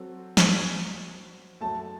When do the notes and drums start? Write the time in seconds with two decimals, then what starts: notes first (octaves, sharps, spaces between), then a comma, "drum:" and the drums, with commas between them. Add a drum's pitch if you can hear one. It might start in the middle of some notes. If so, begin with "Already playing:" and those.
Already playing: F#3 C4 F#4 A4
0.37 drum: snare
1.61 F#2 F#3 A3 A5